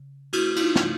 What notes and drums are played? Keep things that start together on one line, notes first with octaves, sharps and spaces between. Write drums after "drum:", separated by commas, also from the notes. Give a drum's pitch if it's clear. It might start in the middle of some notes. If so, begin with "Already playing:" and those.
Already playing: C#3
A3 E4 F#4, drum: cymbal
E4, drum: cymbal
D#4 F4
C#3, drum: snare